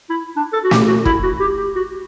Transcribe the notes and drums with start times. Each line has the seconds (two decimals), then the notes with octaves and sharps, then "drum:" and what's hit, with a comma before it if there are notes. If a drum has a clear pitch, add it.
0.10 E4
0.36 D4
0.53 A4
0.64 F#4
0.71 G4, drum: snare
0.88 F#4
1.05 E4, drum: kick
1.23 F#4
1.40 G4
1.57 G4
1.75 F#4